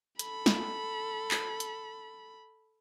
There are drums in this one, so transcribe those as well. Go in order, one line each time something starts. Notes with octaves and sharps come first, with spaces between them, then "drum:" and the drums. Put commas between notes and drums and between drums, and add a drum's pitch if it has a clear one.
A4 B5, drum: hi-hat
drum: snare
drum: clap
drum: hi-hat